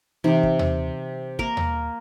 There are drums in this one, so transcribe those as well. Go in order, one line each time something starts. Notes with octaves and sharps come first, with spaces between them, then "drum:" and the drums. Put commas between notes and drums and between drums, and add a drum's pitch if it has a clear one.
C3 E3 D#4 G4
drum: kick
drum: tom D#2
A#3 A#4, drum: kick
drum: tom D#2